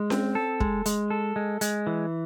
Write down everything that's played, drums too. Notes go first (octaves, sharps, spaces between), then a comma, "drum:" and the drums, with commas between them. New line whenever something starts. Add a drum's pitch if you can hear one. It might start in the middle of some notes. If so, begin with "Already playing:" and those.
Already playing: G#3
C4, drum: snare C#4
A4
G#3, drum: kick
G#3, drum: hi-hat
A4
G#3
G#3, drum: hi-hat
E3